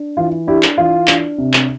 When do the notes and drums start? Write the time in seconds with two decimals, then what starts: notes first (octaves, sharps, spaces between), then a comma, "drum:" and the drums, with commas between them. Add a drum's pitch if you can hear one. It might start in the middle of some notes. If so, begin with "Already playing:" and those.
Already playing: D4
0.17 E3 F4
0.47 D4 E4 G4
0.63 drum: clap
0.78 E3 F4
1.07 D4, drum: clap
1.38 C3
1.53 drum: clap